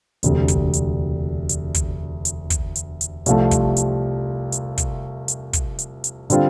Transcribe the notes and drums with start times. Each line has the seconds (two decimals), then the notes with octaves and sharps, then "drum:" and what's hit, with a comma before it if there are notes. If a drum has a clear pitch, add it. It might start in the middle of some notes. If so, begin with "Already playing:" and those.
0.23 E1 D2 C3, drum: hi-hat
0.48 drum: kick, hi-hat
0.73 drum: hi-hat
1.49 drum: hi-hat
1.74 drum: kick, hi-hat
2.25 drum: hi-hat
2.50 drum: kick, hi-hat
2.76 drum: hi-hat
3.01 drum: hi-hat
3.26 C2 C3 F3 A3, drum: hi-hat
3.51 drum: kick, hi-hat
3.77 drum: hi-hat
4.52 drum: hi-hat
4.78 drum: kick, hi-hat
5.28 drum: hi-hat
5.53 drum: kick, hi-hat
5.79 drum: hi-hat
6.04 drum: hi-hat
6.30 D3 G3 C4 F4, drum: hi-hat